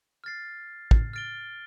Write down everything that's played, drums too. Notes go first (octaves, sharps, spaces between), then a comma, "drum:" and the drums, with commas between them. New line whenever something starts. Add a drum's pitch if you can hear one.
F6 A6 C7
drum: kick
F6 A6 D7 G7